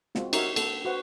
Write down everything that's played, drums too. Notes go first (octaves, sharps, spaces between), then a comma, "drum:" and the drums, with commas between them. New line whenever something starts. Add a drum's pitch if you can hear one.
G#3 C4 F4 F#4, drum: snare
D#4 F#4 G4 A#4 C#5 E5, drum: cymbal
A#3 A4, drum: cymbal
F#4 B4 C5 F#5